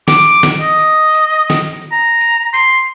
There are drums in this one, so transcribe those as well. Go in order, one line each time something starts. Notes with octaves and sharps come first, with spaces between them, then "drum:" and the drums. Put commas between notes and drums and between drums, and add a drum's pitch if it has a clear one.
D6, drum: snare
drum: snare
D#5
drum: tambourine
drum: tambourine
drum: snare
A#5
drum: tambourine
C6, drum: tambourine